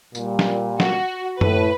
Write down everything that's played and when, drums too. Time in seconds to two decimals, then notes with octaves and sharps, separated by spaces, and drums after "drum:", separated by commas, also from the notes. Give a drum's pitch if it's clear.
0.15 A#2 G3, drum: tambourine
0.39 drum: snare
0.80 F#4, drum: snare
1.41 A2 B4, drum: tom F#2